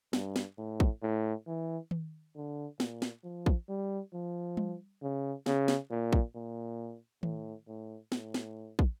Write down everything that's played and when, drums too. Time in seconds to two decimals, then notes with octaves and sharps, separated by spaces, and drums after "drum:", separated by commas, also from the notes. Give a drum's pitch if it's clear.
0.13 G2, drum: snare
0.36 drum: snare
0.58 A2
0.80 drum: kick
1.02 A2
1.47 E3
1.91 drum: tom D#3
2.36 D3
2.80 A#2, drum: snare
3.02 drum: snare
3.24 F3
3.46 drum: kick
3.69 G3
4.13 F3
4.57 drum: tom G3
5.02 C#3
5.46 C#3, drum: snare
5.68 drum: snare
5.91 A#2
6.13 drum: kick
6.35 A#2
7.23 A2, drum: tom D#3
7.68 A2
8.12 A2, drum: snare
8.34 drum: snare
8.79 drum: kick